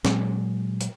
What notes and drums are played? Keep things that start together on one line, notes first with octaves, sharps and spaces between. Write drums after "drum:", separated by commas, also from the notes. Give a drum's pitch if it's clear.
A#2 F#3 G#3, drum: snare
drum: hi-hat